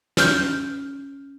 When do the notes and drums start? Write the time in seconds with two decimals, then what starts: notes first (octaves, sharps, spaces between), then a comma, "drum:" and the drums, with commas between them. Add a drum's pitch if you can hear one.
0.17 C#4 F6 G6, drum: snare